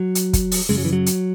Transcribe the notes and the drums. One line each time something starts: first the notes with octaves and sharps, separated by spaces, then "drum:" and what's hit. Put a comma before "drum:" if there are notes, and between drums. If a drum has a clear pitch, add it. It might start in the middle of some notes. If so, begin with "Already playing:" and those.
Already playing: F#3
drum: hi-hat
drum: kick, hi-hat
drum: open hi-hat
F#2 C#3 G#3
F#3
E3
F#3
drum: hi-hat